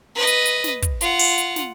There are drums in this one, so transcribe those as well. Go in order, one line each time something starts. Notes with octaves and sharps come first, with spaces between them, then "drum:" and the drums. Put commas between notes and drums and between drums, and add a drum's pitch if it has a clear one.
B4 D#5
drum: hi-hat
drum: hi-hat
drum: snare
drum: kick, hi-hat
F4 F#5, drum: hi-hat
drum: open hi-hat
drum: hi-hat
drum: snare